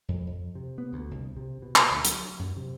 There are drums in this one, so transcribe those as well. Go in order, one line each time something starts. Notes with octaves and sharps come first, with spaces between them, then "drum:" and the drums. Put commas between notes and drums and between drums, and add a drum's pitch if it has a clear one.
F2
F2
C3
B3
D2
C2
C3
B2
drum: clap
D2
F#3, drum: hi-hat
F#2
C3